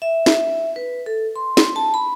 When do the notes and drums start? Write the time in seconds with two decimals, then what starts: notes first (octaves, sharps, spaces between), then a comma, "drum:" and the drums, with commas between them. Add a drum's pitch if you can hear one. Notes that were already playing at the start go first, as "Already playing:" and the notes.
0.02 E5
0.26 drum: snare
0.76 B4
1.06 A4
1.36 C6
1.57 drum: snare
1.76 A5
1.94 B5